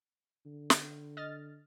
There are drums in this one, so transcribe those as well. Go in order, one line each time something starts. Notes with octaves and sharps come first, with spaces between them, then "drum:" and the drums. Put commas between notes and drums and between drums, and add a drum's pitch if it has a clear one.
D3
drum: snare
D#5 F6 A6